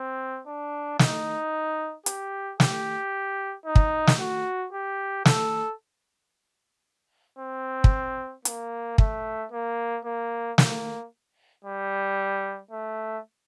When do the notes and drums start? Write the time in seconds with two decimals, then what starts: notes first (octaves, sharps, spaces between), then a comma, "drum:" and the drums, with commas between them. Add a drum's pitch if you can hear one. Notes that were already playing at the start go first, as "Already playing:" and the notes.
Already playing: C4
0.47 D4
0.99 D#4, drum: snare
2.06 G4, drum: hi-hat
2.60 G4, drum: snare
3.66 D#4
3.76 drum: kick
4.07 drum: snare
4.19 F#4
4.73 G4
5.25 A4, drum: snare
7.39 C4
7.84 drum: kick
8.45 A#3, drum: hi-hat
8.98 A3, drum: kick
9.52 A#3
10.04 A#3
10.58 A#3, drum: snare
11.65 G3
12.71 A3